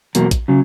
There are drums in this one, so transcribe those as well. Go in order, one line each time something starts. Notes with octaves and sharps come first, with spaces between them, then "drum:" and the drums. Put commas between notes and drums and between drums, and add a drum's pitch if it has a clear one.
E2 B2 F#3 A#3, drum: hi-hat
drum: kick A#1, hi-hat
C#3 F#3